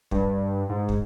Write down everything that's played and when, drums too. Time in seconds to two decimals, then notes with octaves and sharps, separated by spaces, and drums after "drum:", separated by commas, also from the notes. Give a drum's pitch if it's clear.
0.11 G2, drum: kick
0.69 G#2
0.89 drum: kick